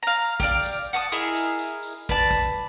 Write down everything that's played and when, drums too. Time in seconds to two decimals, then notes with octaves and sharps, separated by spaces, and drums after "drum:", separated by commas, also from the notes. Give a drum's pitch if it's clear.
0.03 F5 A#5
0.40 G4 A4 D5 F5, drum: kick, tambourine
0.64 drum: tambourine
0.93 F#5 A5 D6 D#6
1.12 E4 G#4 A#4 D#5, drum: tambourine
1.35 drum: tambourine
1.59 drum: tambourine
1.83 drum: tambourine
2.09 B4 D5 A5, drum: kick
2.31 drum: kick, tambourine